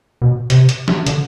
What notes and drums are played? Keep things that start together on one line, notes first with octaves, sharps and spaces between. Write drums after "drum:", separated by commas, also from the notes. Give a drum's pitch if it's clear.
B2
C3, drum: hi-hat
drum: hi-hat
drum: snare
D3, drum: hi-hat